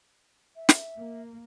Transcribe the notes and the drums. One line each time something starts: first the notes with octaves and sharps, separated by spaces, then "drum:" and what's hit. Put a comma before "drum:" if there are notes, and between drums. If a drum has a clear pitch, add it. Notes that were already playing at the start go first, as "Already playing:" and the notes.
E5
drum: snare
A#3